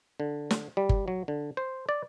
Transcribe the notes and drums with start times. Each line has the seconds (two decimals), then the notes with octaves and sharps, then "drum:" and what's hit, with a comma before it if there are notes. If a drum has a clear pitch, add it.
0.20 D3
0.51 drum: snare
0.77 G3
0.89 drum: kick G1
1.08 F#3
1.28 D3
1.57 C5
1.89 D5